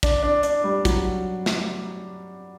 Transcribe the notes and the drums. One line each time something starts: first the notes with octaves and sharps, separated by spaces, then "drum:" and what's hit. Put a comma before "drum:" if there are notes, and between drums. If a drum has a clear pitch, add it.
D4, drum: kick, hi-hat
D4
D4, drum: hi-hat
G3
F#3, drum: kick, hi-hat
drum: snare